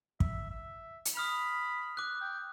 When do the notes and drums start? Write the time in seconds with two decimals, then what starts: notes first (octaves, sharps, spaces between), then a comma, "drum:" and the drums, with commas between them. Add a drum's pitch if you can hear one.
0.20 E5, drum: kick
0.51 E5
1.05 drum: hi-hat
1.15 B5 D#6 F6 F7
1.97 D6 F#6
2.21 G5